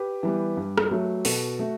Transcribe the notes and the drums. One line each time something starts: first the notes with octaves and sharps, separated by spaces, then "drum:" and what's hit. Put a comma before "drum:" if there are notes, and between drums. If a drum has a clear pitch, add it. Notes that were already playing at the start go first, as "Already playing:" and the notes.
Already playing: G4 B4
E3 G3 B3
G2
drum: rim click
F#3 A3
B2 F#4 A4, drum: open hi-hat
A3